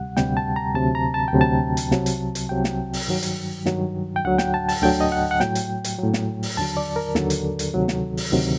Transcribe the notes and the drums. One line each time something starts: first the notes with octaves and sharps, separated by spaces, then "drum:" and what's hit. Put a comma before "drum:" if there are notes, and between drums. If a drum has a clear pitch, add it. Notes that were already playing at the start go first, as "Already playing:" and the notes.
Already playing: D2 C3 G3 F#5
D2 C3 G3 G5, drum: snare
A5
A#5
D2 C3 F#3 A5
A#5
A5
G5
D2 C3 F#3
A5
drum: hi-hat
C2 C3 F#3, drum: snare
drum: hi-hat
drum: hi-hat
C2 C3 F#3 G5
drum: snare
drum: open hi-hat
G2 D#3 F#3
drum: hi-hat
G2 D#3 F#3, drum: snare
G5
D2 D3 F#3 F#5
G5, drum: snare
A5
A5, drum: open hi-hat
D2 D3 F#3 G5
D#5
F#5
F#5
A2 F#3 G5, drum: snare
drum: hi-hat
drum: hi-hat
A2 F#3
drum: snare
drum: open hi-hat
D#2 D3 F#3 A5
D5
A#4
D#2 D3 F#3 A4, drum: snare
drum: hi-hat
drum: hi-hat
D2 C3 D#3 F#3
drum: snare
drum: open hi-hat
D2 C3 D#3 F#3